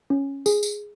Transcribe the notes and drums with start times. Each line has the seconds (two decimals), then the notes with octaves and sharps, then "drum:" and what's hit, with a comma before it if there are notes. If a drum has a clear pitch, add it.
0.10 C#4
0.46 G#4, drum: tambourine
0.63 drum: tambourine